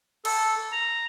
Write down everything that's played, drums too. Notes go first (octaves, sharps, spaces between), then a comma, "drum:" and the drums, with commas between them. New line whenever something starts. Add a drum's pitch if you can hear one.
A4, drum: cymbal
A#5